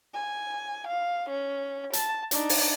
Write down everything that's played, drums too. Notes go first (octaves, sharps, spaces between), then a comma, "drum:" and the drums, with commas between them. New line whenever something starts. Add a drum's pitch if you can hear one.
G#5
F5
C#4
A5, drum: hi-hat
D4 D#4, drum: hi-hat
drum: open hi-hat